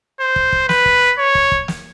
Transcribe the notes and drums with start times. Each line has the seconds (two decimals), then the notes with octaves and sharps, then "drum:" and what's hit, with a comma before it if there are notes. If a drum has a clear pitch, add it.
0.20 C5
0.36 drum: kick
0.52 drum: kick
0.69 B4, drum: snare
0.86 drum: kick
1.19 C#5
1.35 drum: kick
1.52 drum: kick
1.68 drum: snare